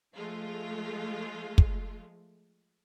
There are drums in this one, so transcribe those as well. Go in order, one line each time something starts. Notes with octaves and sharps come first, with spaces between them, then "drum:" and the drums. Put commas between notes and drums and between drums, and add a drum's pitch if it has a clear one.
F3 G#3 A3 F4
drum: kick